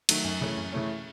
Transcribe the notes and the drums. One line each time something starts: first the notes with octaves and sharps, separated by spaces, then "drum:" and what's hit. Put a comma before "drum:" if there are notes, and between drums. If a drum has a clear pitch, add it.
D#3 F#3 A3, drum: cymbal
F#2
C#3 E3 A3 C#4
F#2
C#3 E3 A3 C#4